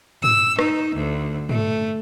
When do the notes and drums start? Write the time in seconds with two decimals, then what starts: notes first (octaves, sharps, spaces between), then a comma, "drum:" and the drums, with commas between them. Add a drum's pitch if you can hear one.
0.24 E6, drum: tom
0.59 D#4, drum: rim click
0.95 D2
1.49 A3, drum: tom